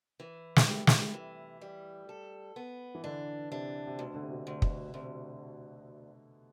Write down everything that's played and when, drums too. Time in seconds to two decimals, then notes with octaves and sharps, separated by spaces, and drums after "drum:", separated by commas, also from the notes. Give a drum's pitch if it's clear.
0.20 E3
0.56 A3, drum: snare
0.67 C3 G3
0.87 drum: snare
1.14 E3
1.61 G3
2.09 A4
2.56 B3
2.95 E3
3.04 D3 D4
3.51 C3 D4
3.87 C3
3.99 D2 B2
4.14 D3
4.22 C3
4.30 B2
4.47 D2
4.62 B2, drum: kick
4.94 D2 C3